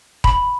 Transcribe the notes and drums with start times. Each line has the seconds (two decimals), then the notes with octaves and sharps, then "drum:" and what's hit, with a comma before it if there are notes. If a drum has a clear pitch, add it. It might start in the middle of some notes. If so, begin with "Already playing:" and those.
0.24 B5, drum: kick